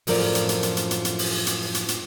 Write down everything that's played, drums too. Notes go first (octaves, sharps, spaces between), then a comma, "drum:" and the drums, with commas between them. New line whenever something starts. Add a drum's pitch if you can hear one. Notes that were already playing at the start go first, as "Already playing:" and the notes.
F#2 A2 F3 A#4 D5, drum: open hi-hat
drum: hi-hat
drum: hi-hat
drum: hi-hat
drum: hi-hat
drum: hi-hat
drum: hi-hat
drum: open hi-hat
drum: hi-hat
drum: hi-hat
drum: hi-hat